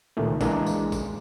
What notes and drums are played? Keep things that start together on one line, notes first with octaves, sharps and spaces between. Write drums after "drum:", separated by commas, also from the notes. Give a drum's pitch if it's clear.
C#2 A#2 D#3 A3
E3 G#3 A#3 D4, drum: kick A1, tambourine
drum: tambourine
drum: kick A1, tambourine